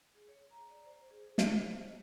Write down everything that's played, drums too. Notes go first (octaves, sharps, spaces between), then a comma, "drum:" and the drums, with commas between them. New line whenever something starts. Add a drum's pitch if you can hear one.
G#4
C#5
A#5
D5
C5
G#4
C5, drum: snare
C#5
D#5